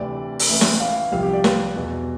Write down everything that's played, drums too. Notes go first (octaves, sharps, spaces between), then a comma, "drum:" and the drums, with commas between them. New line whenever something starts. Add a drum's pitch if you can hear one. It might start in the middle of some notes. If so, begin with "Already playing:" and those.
Already playing: D2 C3 E3 D5
drum: open hi-hat
A1 A2 E3 E5
drum: snare
F5
C2 C3 F3 F5
G4
D5
B4, drum: snare
E2 B2